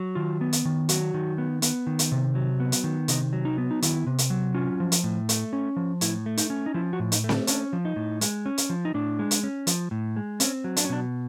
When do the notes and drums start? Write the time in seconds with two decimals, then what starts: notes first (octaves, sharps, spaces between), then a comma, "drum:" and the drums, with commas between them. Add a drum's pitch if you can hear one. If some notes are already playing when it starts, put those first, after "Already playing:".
Already playing: F#3
0.15 D#3 F4
0.41 B3
0.53 drum: hi-hat
0.65 D#3
0.89 F#3 F#4, drum: hi-hat
1.14 D#3
1.38 B3
1.62 B3, drum: hi-hat
1.87 D#3
1.99 drum: hi-hat
2.12 C3
2.35 F#3
2.60 B3
2.72 drum: hi-hat
2.84 D#3
3.08 C3 D#4, drum: hi-hat
3.33 F#3
3.45 D#4
3.58 B3
3.71 D#4
3.82 D#3 E4, drum: hi-hat
4.07 C3
4.18 drum: hi-hat
4.30 F#3
4.54 C#4 F4
4.80 F3
4.92 drum: hi-hat
5.04 A2
5.29 A3, drum: hi-hat
5.53 C#4
5.76 F3
6.01 A2 E4, drum: hi-hat
6.26 A3
6.37 D#4, drum: hi-hat
6.50 C#4
6.66 D#4
6.74 F3 E4
6.93 F#4
6.99 A2
7.12 D#4, drum: hi-hat
7.24 A3
7.29 D4, drum: snare C4
7.47 C#4 D4, drum: hi-hat
7.73 F3
7.85 D#4
7.96 A2
8.21 G#3, drum: hi-hat
8.46 C#4
8.58 drum: hi-hat
8.70 F3
8.85 D#4
8.94 A2 D4
9.19 G#3
9.31 drum: hi-hat
9.43 C#4
9.67 F3, drum: hi-hat
9.91 A2
10.16 G#3
10.40 C4 C#4, drum: hi-hat
10.64 F#3
10.77 D4, drum: hi-hat
10.85 C#4
10.89 B2 D4